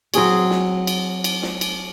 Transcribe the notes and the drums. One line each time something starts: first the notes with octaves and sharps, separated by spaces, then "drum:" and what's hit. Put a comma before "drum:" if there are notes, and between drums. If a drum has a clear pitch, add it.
F#3 C4 G#4 C#5, drum: cymbal
drum: snare
drum: cymbal
drum: cymbal
drum: snare
drum: cymbal